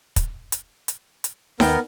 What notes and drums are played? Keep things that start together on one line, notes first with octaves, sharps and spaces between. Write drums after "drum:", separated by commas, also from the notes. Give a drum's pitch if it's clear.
drum: kick, hi-hat
drum: hi-hat
drum: hi-hat
drum: hi-hat
D#2 B3 A#4 G5, drum: snare D#4